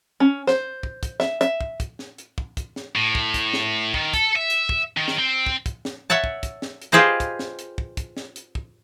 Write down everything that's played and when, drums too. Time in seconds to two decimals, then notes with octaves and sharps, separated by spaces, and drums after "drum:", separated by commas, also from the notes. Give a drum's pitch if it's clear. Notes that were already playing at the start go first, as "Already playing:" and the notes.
0.20 C#4
0.47 C5, drum: snare
0.83 drum: kick
1.03 drum: kick, hi-hat
1.20 E5, drum: snare
1.41 E5, drum: hi-hat
1.61 drum: kick
1.80 drum: kick, hi-hat
1.99 drum: snare
2.18 drum: hi-hat
2.38 drum: kick
2.57 drum: kick, hi-hat
2.76 drum: snare
2.96 A2
3.15 drum: kick
3.34 drum: kick, hi-hat
3.53 drum: snare
3.94 D#3, drum: kick
4.13 A4, drum: kick, hi-hat
4.36 E5
4.50 drum: hi-hat
4.69 drum: kick
4.97 D#3
5.08 drum: snare
5.19 C4
5.46 drum: kick
5.66 drum: kick, hi-hat
5.85 drum: snare
6.10 C#5 E5 F#5 A5
6.24 drum: kick
6.43 drum: kick, hi-hat
6.62 drum: snare
6.82 drum: hi-hat
6.92 F4 G4 G#4 B4 C5 D#5
7.20 drum: kick, hi-hat
7.39 drum: snare
7.59 drum: hi-hat
7.78 drum: kick
7.97 drum: kick, hi-hat
8.17 drum: snare
8.36 drum: hi-hat
8.55 drum: kick